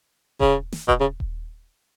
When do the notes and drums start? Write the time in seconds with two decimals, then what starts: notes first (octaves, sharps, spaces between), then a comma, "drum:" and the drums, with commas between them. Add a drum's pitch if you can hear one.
0.40 C#3, drum: kick D#1
0.72 drum: snare
0.88 B2, drum: kick D#1
1.01 C#3
1.20 drum: kick D#1